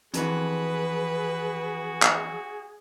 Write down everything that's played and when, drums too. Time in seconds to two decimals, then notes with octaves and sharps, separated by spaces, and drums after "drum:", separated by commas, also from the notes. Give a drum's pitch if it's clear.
0.14 F2 E3 F#4 G#4 B4, drum: hi-hat
2.02 drum: clap